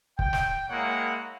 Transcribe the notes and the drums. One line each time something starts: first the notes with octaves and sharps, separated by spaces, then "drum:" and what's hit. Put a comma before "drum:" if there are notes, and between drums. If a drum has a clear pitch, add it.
G5, drum: kick
drum: snare
G#3 A#3 E4 C#5 F#5